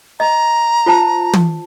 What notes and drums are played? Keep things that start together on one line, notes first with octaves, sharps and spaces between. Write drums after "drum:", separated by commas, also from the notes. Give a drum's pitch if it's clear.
D#5 A#5
F4 C5 A5
drum: tom